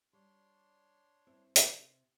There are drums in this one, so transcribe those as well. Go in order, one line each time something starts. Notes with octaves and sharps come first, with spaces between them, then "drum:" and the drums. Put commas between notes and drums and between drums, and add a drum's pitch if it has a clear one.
G3 D4 C#5 C6
G2 C4 E4
C3, drum: hi-hat